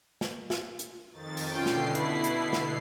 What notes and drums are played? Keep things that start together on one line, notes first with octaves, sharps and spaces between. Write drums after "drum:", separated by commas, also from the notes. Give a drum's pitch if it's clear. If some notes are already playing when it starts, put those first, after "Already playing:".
drum: snare
drum: snare
drum: hi-hat
F2 D#3 A6
drum: open hi-hat
B2 D3 C#4 F4 G5 C7
drum: snare
E4 B4, drum: hi-hat
drum: hi-hat
drum: snare